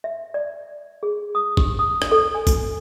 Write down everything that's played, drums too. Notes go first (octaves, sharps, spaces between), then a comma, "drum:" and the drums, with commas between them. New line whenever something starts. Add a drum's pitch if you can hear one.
E5
D5
G#4
D#6
G4, drum: kick G#1
D#6
drum: rim click
A4
G#5
drum: kick G#1, tambourine